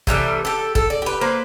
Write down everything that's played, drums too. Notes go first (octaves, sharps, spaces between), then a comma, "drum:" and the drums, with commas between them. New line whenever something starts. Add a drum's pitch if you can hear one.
C3 E3 G3 A3, drum: kick
G4 A4
A4, drum: kick
D5
G4 B4
A#3 B4 C5